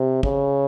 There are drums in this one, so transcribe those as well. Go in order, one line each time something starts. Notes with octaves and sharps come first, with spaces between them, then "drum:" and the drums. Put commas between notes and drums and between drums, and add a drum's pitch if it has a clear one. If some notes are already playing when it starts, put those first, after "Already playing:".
Already playing: C3
C#3, drum: kick